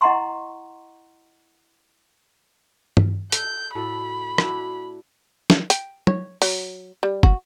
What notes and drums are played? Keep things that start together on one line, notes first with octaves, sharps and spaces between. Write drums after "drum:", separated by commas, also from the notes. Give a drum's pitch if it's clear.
E4 D#5 F#5 A#5 C6 C#6
drum: tom G2
A4 G6, drum: hi-hat
A2 F#4 A4 B5
D4 E4 F#4, drum: rim click
drum: snare
G5, drum: hi-hat
C#5, drum: tom
F#3, drum: open hi-hat
G3
F#4, drum: kick